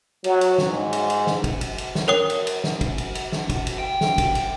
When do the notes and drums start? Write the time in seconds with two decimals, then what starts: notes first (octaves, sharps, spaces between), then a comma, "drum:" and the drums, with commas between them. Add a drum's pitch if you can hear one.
0.24 F#3, drum: cymbal
0.41 drum: cymbal
0.58 drum: snare
0.68 G#2
0.93 drum: cymbal
1.10 drum: cymbal
1.27 drum: snare
1.44 drum: kick G1, cymbal
1.61 drum: cymbal
1.78 drum: cymbal
1.95 drum: snare
2.08 A#4 C#5 G5 D#6
2.30 drum: cymbal
2.47 drum: cymbal
2.64 drum: snare
2.81 drum: kick G1, cymbal
2.98 drum: cymbal
3.15 drum: cymbal
3.32 drum: snare
3.50 drum: kick G1, cymbal
3.67 drum: cymbal
3.79 G5
4.01 drum: snare
4.18 drum: kick G1, cymbal
4.35 drum: cymbal